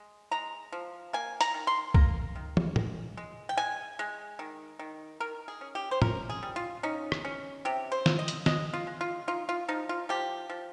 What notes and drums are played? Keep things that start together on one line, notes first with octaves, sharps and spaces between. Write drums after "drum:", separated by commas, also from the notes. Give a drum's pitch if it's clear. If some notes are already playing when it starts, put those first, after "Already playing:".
Already playing: G#3
G#3 A#5
F3
A#3 G#5
A#5, drum: hi-hat
D#3
C6
A#3 A#5, drum: kick C2
D#3
drum: tom
G#3, drum: tom
G#3
G5
G#3 G#5
G#3
D#3
D#3
D#3 A#4
G#4
C#4
G4
C5
C#4 A#4, drum: tom
G#4
G3
F4
C#4 D#4
drum: rim click
C#4
C3 G4
C5
C3, drum: snare
D#5
drum: hi-hat
G#3 D#5, drum: snare
F4
G#3
F4
D#4 F4
F4
F3 D#4
F4
F3 G4
F3